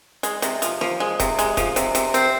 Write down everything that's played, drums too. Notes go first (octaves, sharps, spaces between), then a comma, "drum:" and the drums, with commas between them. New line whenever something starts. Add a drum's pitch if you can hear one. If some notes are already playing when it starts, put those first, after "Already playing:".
G#3, drum: hi-hat
C3, drum: hi-hat
F3, drum: hi-hat
F3, drum: snare
G#3
C3, drum: kick, hi-hat
G#3, drum: hi-hat
F3, drum: kick, hi-hat
C3, drum: hi-hat
C3, drum: hi-hat
C4, drum: hi-hat